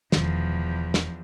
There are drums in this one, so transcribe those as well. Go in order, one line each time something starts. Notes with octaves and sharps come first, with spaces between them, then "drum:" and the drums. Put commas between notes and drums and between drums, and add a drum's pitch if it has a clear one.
E1 E2 D#3 F3, drum: snare
drum: snare